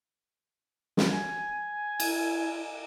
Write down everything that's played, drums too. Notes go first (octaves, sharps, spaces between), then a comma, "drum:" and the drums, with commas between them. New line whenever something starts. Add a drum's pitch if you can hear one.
drum: snare
G#5
E4, drum: cymbal